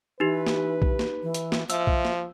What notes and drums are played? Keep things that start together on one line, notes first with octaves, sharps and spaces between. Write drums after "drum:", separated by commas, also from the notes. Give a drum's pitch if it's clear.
E3 D#4 G4 B4
drum: snare
drum: kick B1
drum: snare
E3
drum: hi-hat
drum: snare
F3 E5 E6, drum: hi-hat
drum: kick B1
drum: snare